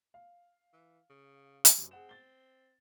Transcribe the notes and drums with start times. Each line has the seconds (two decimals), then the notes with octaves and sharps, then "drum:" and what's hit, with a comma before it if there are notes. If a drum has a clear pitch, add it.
0.14 F5
0.73 E3
1.10 C#3
1.65 drum: hi-hat
1.78 F#2 C3
1.91 C4 G#4 F#5 E7
2.09 A6 G7